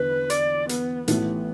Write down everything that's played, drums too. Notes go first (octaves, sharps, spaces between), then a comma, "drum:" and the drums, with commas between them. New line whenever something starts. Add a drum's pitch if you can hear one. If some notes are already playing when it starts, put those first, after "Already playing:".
Already playing: E2 D3 B3 E4 B4
D5, drum: hi-hat
B3, drum: hi-hat
A1 A2 E3 A3 B3 G4, drum: hi-hat